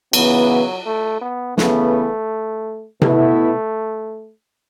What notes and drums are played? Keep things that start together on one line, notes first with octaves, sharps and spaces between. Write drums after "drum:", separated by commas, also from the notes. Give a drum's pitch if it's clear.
C#3 E3 F#3 B3, drum: cymbal
A3
B3
C#3 E3 A3 B3, drum: snare
B2 A3 B3 E4, drum: tom C3